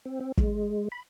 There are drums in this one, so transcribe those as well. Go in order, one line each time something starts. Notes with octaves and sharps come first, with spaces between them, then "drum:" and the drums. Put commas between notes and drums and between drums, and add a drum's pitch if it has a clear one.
C4
C4
G#3, drum: kick
B5